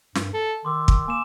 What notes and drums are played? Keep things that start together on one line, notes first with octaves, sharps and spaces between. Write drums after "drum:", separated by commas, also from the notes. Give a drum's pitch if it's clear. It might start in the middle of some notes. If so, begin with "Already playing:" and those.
G2, drum: snare
A4
D#3 C6 D6 E6
drum: kick
A#3 G#5 D6 E7